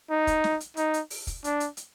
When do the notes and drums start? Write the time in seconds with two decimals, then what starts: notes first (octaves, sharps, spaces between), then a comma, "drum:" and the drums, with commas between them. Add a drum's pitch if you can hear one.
0.10 D#4
0.27 drum: kick, hi-hat
0.44 drum: snare
0.60 drum: hi-hat
0.77 D#4, drum: hi-hat
0.94 drum: hi-hat
1.10 drum: open hi-hat
1.27 drum: kick, hi-hat
1.44 D4, drum: hi-hat
1.60 drum: hi-hat
1.77 drum: hi-hat